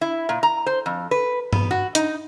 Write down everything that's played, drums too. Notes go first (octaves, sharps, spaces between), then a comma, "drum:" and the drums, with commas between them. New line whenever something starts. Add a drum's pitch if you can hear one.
E4
A#2
A#5
C5
F2
B4
B3, drum: tom
F#4
D#4, drum: hi-hat